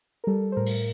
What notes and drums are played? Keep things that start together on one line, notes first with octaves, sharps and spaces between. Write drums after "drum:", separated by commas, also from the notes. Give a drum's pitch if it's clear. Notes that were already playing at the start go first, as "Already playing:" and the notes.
A#4
G3 A4
C5
A2 A#4
drum: open hi-hat